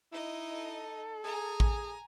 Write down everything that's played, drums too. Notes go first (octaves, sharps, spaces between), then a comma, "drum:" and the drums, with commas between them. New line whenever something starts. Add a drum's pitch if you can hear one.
D#4 E4 D#5
A4
G#4 G#5 A#5
drum: kick A1